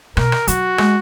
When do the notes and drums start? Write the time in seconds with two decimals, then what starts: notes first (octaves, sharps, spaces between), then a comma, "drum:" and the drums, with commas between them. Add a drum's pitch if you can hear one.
0.17 B2 A#4, drum: rim click
0.32 drum: rim click
0.48 F#3 F#4, drum: hi-hat
0.78 G#3, drum: rim click